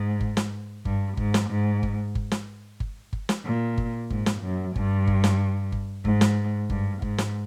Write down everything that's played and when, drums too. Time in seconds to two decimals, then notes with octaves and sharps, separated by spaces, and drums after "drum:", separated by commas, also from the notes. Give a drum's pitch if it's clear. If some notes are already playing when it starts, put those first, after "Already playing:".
Already playing: G#2
0.21 drum: kick G1
0.37 drum: snare
0.85 G2, drum: kick G1
1.17 G#2, drum: kick G1
1.34 drum: snare
1.50 G#2
1.83 drum: kick G1
2.15 drum: kick G1
2.31 drum: snare
2.80 drum: kick G1
3.13 drum: kick G1
3.29 drum: snare
3.45 A#2
3.78 drum: kick G1
4.10 G#2, drum: kick G1
4.26 drum: snare
4.42 F#2
4.76 G2, drum: kick G1
5.07 drum: kick G1
5.24 drum: snare
5.72 drum: kick G1
6.05 G#2, drum: kick G1
6.21 drum: snare
6.70 G2, drum: kick G1
7.02 G#2, drum: kick G1
7.18 drum: snare